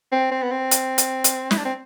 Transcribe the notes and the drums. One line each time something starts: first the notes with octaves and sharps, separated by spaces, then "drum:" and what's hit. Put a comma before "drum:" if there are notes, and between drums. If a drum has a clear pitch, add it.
C4
C4
B3
C4
drum: hi-hat
drum: hi-hat
drum: hi-hat
E4, drum: snare
D4
C4